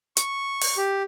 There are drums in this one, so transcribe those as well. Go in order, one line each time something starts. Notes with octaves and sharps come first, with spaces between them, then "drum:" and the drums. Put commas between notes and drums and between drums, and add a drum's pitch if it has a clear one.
C#6, drum: hi-hat
drum: open hi-hat
G4